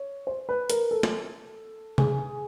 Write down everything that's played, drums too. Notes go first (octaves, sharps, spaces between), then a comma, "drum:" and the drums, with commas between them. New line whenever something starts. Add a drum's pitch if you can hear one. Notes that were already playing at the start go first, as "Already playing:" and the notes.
Already playing: C#5
C5
B4
A#4, drum: hi-hat
A4
drum: snare
G#4, drum: tom C3